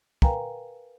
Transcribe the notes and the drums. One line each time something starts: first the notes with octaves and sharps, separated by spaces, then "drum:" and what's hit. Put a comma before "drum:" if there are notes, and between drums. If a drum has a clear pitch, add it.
A#4 B4 F5 G5 G#5 A#5, drum: kick